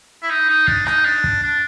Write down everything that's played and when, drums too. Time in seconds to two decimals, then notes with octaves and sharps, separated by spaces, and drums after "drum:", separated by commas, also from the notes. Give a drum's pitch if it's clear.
0.22 E4
0.30 D#4
0.49 D#4
0.68 D4, drum: kick
0.87 D#4, drum: rim click
1.05 D4
1.24 drum: kick
1.43 D4